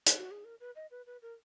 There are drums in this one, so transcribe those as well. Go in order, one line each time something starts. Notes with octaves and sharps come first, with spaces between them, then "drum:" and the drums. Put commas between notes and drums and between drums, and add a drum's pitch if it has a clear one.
drum: hi-hat
F#4
G#4
A#4
B4
D#5
B4
B4
A#4